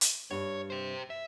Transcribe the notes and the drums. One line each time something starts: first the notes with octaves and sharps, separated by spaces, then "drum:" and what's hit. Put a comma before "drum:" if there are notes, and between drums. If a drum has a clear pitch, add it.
drum: hi-hat
G2 C#5
G4 C5
E5